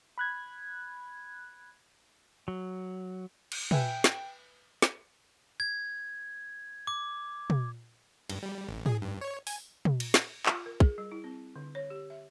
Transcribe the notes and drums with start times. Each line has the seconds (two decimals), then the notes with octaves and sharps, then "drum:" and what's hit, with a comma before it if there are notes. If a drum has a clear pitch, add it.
0.18 B5 F#6 G#6
2.48 F#3
3.52 drum: cymbal
3.71 B4 E5 G5 G#5, drum: tom
4.04 drum: snare
4.82 drum: snare
5.60 G#6
6.87 D6
7.50 drum: tom
8.30 G2, drum: cymbal
8.43 G3
8.68 A1
8.86 G#4, drum: tom G#2
9.02 G2
9.21 C#5
9.47 G#5, drum: open hi-hat
9.85 drum: tom
10.00 drum: cymbal
10.14 drum: snare
10.46 F4, drum: clap
10.66 A#4
10.80 G#4, drum: kick
10.98 G3
11.12 E4
11.24 C4
11.56 D3
11.75 C#5
11.90 G4
12.10 E5